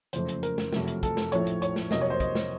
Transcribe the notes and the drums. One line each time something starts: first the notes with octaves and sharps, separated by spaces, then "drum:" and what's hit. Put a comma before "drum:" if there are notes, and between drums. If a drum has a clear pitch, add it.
F#1 F2 C#3 A3 C5, drum: hi-hat
drum: hi-hat
A#4, drum: hi-hat
drum: snare
F#1 F2 C3 F#3 A3, drum: snare
drum: hi-hat
A4, drum: kick, hi-hat
drum: snare
A#1 A2 F3 A3 C#5, drum: hi-hat
drum: hi-hat
C#5, drum: hi-hat
drum: snare
F2 C3 F#3 A#3 D#5, drum: snare
C#5
C5
D#5, drum: kick, hi-hat
drum: snare